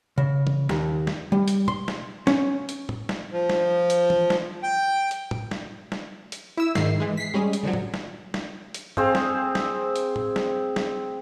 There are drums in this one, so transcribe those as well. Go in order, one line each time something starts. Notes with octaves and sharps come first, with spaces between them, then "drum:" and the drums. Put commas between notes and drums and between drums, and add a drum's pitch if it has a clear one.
C#3
drum: tom E3
D#2, drum: snare
drum: snare
G3
drum: hi-hat
C6, drum: tom
drum: snare
C#4, drum: snare
drum: hi-hat
drum: tom
drum: snare
F3
drum: snare
drum: hi-hat
drum: tom E3
drum: snare
G5
drum: hi-hat
drum: tom
drum: snare
drum: snare
drum: hi-hat
E4 E6
G#2 D#3 C7, drum: snare
E3 G#3
B6 C7
G3 G#3 C#4 G#4
drum: hi-hat
D3 F3 F#3
drum: tom
drum: snare
drum: snare
drum: hi-hat
C4 G#4 C5 F5, drum: tom
drum: snare
drum: snare
drum: hi-hat
drum: tom
drum: snare
drum: snare